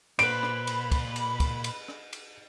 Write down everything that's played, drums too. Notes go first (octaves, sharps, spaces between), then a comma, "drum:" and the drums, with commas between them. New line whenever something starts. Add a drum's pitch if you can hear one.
A#2 B4 C5 B5 D7, drum: cymbal
drum: rim click
drum: cymbal
drum: kick, cymbal
drum: cymbal
drum: kick, cymbal
drum: cymbal
drum: rim click
drum: cymbal